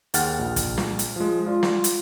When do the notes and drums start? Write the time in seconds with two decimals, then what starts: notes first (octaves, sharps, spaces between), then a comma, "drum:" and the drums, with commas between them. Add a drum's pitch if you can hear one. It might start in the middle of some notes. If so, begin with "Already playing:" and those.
0.14 D#2 G#4 F#5 G5 F6 A6, drum: hi-hat
0.39 A#1
0.56 drum: kick, hi-hat
0.78 drum: snare
0.99 drum: hi-hat
1.16 F3 G#3
1.46 F4 D5 C6
1.63 drum: snare
1.84 drum: hi-hat